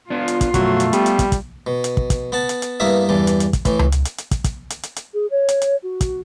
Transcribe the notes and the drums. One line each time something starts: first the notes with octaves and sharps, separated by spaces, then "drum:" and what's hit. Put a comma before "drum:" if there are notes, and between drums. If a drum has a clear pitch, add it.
B3 D4 F4
drum: hi-hat
drum: kick, hi-hat
F#2 B2 F3 F#3 A3, drum: kick, hi-hat
drum: hi-hat
G3 B3, drum: hi-hat
drum: hi-hat
drum: kick, hi-hat
drum: kick, hi-hat
B2
drum: hi-hat
drum: kick
drum: kick, hi-hat
B3 F#5 A5
drum: hi-hat
drum: hi-hat
G2 A#3 B3 E4 E5 D#6
E2 G2 E3 D4
drum: hi-hat
drum: hi-hat
drum: kick, hi-hat
A2 E3, drum: kick, hi-hat
drum: tom C#2
drum: hi-hat
drum: hi-hat
drum: hi-hat
drum: kick, hi-hat
drum: kick, hi-hat
drum: hi-hat
drum: hi-hat
drum: hi-hat
G#4
C#5
drum: hi-hat
drum: hi-hat
F#4
drum: kick, hi-hat